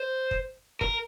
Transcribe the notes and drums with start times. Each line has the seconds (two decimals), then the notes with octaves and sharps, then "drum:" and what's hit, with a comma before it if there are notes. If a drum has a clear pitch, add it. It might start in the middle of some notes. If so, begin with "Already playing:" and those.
Already playing: C5
0.31 drum: kick
0.81 A#4, drum: kick